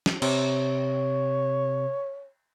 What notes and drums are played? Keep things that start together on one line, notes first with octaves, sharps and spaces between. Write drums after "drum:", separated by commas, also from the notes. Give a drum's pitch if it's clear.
drum: snare
C3 C#5, drum: cymbal